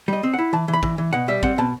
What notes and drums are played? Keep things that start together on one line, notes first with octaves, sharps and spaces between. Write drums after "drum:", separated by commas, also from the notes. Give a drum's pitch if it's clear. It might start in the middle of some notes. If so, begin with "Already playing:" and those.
G3 D#5
C4
E4 F#5
E3 A5
E3
B5
E3, drum: kick
E3
B2 F#5
G3 E5
C4 F#5, drum: kick
B2 A5